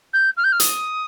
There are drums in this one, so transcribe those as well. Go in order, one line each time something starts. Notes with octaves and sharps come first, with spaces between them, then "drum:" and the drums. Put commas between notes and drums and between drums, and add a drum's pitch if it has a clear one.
G6
F6
G6
F6
D#6, drum: hi-hat